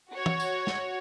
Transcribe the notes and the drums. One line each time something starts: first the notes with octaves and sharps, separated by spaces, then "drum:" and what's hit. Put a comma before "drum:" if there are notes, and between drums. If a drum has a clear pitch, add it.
F#4 C#5
drum: tom
drum: tambourine
drum: snare